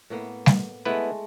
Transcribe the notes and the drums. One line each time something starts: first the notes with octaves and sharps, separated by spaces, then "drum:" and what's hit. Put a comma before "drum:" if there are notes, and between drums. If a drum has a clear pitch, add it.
A2 A#3 B3
drum: snare G3
G#3 A3 B3 E4 B4